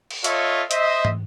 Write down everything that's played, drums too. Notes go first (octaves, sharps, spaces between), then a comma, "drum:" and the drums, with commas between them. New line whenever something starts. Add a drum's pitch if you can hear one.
drum: cymbal
F4 A4 C#5 D#5 E5 C#6, drum: hi-hat
C5 D#5 E5, drum: hi-hat
drum: tom